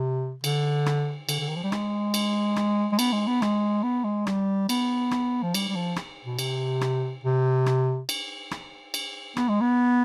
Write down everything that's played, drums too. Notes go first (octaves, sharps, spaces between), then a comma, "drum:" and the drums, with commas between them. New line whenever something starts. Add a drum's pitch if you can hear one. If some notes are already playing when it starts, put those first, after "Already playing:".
Already playing: C3
D3, drum: cymbal
drum: rim click
D3, drum: cymbal
D3
D#3
F3
G3
G#3, drum: rim click
drum: cymbal
drum: rim click
G#3
B3, drum: cymbal
G#3
B3
G#3, drum: rim click
B3
G#3
G3, drum: rim click
B3, drum: cymbal
drum: rim click
F3
G3, drum: cymbal
G3
F3
drum: rim click
B2
C3, drum: cymbal
drum: rim click
C3
drum: rim click
drum: cymbal
drum: rim click
drum: cymbal
B3, drum: rim click
G#3
B3